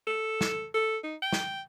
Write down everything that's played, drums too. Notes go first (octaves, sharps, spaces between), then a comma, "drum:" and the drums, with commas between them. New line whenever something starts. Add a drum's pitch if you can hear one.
A4
drum: snare
A4
D#4
G5
drum: snare